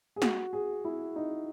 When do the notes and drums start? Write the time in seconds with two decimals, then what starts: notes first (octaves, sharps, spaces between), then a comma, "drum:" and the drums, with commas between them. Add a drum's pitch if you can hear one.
0.16 G#4
0.22 F#4, drum: snare
0.53 G#4
0.85 E4
1.16 D#4